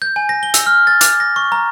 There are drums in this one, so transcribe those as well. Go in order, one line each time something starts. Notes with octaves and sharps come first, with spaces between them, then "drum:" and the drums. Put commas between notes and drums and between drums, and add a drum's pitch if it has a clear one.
G6
G#5
A#6
G7
E6, drum: hi-hat
F6
A6
D6, drum: hi-hat
A#6
C#6
A#5